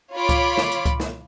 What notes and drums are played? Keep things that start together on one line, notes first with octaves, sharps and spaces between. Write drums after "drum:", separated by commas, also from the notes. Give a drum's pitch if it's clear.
F4 C#5 B5 D6
drum: kick C#2, hi-hat
drum: snare
drum: hi-hat
drum: kick C#2, hi-hat
drum: snare